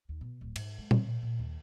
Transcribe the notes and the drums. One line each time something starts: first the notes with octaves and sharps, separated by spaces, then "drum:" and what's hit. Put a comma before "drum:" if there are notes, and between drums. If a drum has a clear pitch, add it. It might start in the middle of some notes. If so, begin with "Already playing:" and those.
D#2
B2
D1
G#2, drum: cymbal
G#3
B2, drum: tom A#2
A#2
A#2
D#2